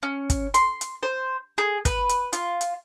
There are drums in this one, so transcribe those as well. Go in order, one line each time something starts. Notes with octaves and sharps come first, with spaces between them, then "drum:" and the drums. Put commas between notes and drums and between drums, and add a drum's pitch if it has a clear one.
C#4
drum: kick, hi-hat
C6, drum: hi-hat
drum: hi-hat
C5
G#4
B4, drum: kick, hi-hat
drum: hi-hat
F4, drum: hi-hat
drum: hi-hat